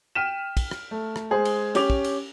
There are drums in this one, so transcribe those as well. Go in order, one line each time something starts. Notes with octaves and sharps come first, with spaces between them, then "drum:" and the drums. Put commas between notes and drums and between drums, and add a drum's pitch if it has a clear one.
G5 F6 B6 D#7 E7
drum: kick, cymbal
drum: rim click
A3
drum: rim click
G#3 G#4 C5
drum: cymbal
C#4 G4 C#5 D6 F7, drum: cymbal
drum: kick
drum: cymbal